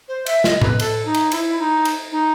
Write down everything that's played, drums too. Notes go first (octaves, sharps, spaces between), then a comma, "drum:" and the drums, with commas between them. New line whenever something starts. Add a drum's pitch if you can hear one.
C5
E5, drum: cymbal
D#5, drum: snare
B4, drum: tom A2
A4, drum: cymbal
D#4
drum: cymbal
E4, drum: cymbal
D#4
drum: cymbal
D#4